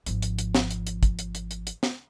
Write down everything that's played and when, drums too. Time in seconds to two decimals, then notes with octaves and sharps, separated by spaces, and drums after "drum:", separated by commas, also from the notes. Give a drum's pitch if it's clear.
0.06 G#1 F3, drum: hi-hat
0.22 drum: hi-hat
0.39 drum: hi-hat
0.55 drum: snare
0.71 drum: hi-hat
0.87 drum: hi-hat
1.03 drum: kick, hi-hat
1.19 drum: hi-hat
1.35 drum: hi-hat
1.51 drum: hi-hat
1.67 drum: hi-hat
1.83 drum: snare